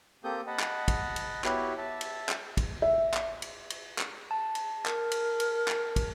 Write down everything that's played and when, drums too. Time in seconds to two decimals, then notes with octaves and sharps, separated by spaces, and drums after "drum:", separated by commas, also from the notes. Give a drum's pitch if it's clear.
0.24 A#3 C4 G4 A4 D#6 G6
0.47 D#5 F#5 A5 B5
0.60 drum: clap
0.88 drum: kick, cymbal
1.16 drum: cymbal
1.44 B3 E4 F#4 G4 B4 C#5, drum: clap
1.78 E5 A5
2.01 drum: cymbal
2.29 drum: clap
2.57 drum: kick, cymbal
2.82 E5
3.14 drum: clap
3.42 drum: cymbal
3.70 drum: cymbal
3.99 drum: clap
4.31 A5
4.55 drum: cymbal
4.86 A#4, drum: clap
5.11 drum: cymbal
5.40 drum: cymbal
5.68 drum: clap
5.96 drum: kick, cymbal